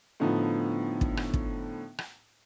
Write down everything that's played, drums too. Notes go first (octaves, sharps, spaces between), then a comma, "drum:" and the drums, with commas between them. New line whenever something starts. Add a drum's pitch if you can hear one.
A2 D3 F3 B3 D#4
drum: kick
drum: rim click
drum: kick
drum: rim click